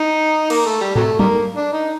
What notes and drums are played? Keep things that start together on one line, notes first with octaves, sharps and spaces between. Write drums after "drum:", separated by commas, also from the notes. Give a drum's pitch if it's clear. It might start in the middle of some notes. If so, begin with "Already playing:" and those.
Already playing: D#4
A#3, drum: cymbal
A3
G3
C3 F#3 A3, drum: tom G#2
D#3 G3 A#3, drum: tom F#3
D4
D#4